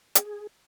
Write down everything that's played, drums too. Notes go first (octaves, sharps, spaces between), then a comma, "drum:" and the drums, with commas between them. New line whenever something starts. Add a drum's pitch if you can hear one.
G#4, drum: hi-hat